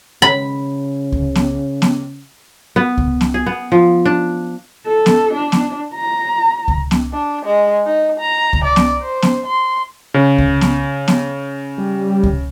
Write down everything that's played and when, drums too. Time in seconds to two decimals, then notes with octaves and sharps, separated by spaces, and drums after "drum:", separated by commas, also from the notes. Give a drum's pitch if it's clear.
0.22 C#3 B5
1.12 drum: kick C#2
1.35 drum: snare B3
1.82 drum: snare B3
2.76 B3
2.97 drum: kick C#2
3.21 drum: snare B3
3.34 G#4
3.46 B3
3.72 F3
4.05 D4
4.87 A4
5.06 drum: snare B3
5.34 D4
5.52 drum: snare B3
5.95 A#5
6.68 drum: kick C#2
6.91 drum: snare B3
7.13 D4
7.45 G#3
7.86 D#4
8.19 A#5
8.53 drum: kick C#2
8.64 D5
8.76 drum: snare B3
9.02 C5
9.22 drum: snare B3
9.46 C6
10.14 C#3
10.38 drum: kick C#2
10.61 drum: snare B3
11.08 drum: snare B3
11.78 G3
12.23 drum: kick C#2